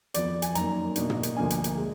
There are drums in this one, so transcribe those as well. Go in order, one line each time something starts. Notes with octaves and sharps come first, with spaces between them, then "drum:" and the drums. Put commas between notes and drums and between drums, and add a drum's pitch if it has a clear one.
F2 F3 B3 D5, drum: hi-hat
G#5, drum: hi-hat
F#2 D#3 A#3 A#5, drum: hi-hat
B2 A#3 D4, drum: hi-hat
drum: tom
drum: hi-hat
D2 D3 F3 A#3 D4 G#5
drum: hi-hat
drum: hi-hat
G#3